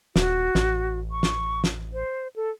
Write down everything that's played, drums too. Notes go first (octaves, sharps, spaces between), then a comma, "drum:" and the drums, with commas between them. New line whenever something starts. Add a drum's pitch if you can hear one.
D#1 F#4, drum: snare
A1, drum: snare
C#6
drum: snare
drum: snare
C5
A4